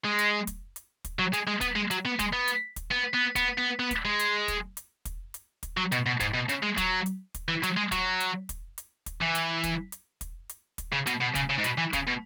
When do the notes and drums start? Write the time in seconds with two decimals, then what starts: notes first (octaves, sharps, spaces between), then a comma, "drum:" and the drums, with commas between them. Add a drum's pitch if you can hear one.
0.05 G#3
0.19 drum: hi-hat
0.47 drum: kick, hi-hat
0.76 drum: hi-hat
1.05 drum: kick, hi-hat
1.19 F#3
1.33 G#3, drum: hi-hat
1.48 G#3
1.61 B3, drum: kick, hi-hat
1.76 G#3
1.91 F#3, drum: hi-hat
2.05 B3
2.19 G#3, drum: kick, hi-hat
2.33 B3
2.48 drum: hi-hat
2.76 drum: kick, hi-hat
2.91 B3
3.13 B3
3.36 B3, drum: kick, hi-hat
3.58 B3
3.80 B3
3.91 drum: kick, hi-hat
4.05 G#3
4.20 drum: hi-hat
4.48 drum: kick, hi-hat
4.77 drum: hi-hat
5.05 drum: kick, hi-hat
5.34 drum: hi-hat
5.63 drum: kick, hi-hat
5.77 F#3
5.92 B2, drum: hi-hat
6.06 B2
6.20 G#2, drum: kick, hi-hat
6.34 B2
6.49 C#3, drum: hi-hat
6.63 G#3
6.78 F#3, drum: kick, hi-hat
7.06 drum: hi-hat
7.34 drum: kick, hi-hat
7.48 E3
7.63 F#3, drum: hi-hat
7.77 G#3
7.92 F#3, drum: kick, hi-hat
8.20 drum: hi-hat
8.49 drum: kick, hi-hat
8.78 drum: hi-hat
9.06 drum: kick, hi-hat
9.21 E3
9.35 drum: hi-hat
9.64 drum: kick, hi-hat
9.92 drum: hi-hat
10.21 drum: kick, hi-hat
10.49 drum: hi-hat
10.78 drum: kick, hi-hat
10.93 C#3
11.07 B2, drum: hi-hat
11.21 B2
11.35 C#3, drum: kick, hi-hat
11.50 C#3
11.58 G#2
11.64 B2, drum: hi-hat
11.78 E3
11.93 C#3, drum: kick, hi-hat
12.07 B2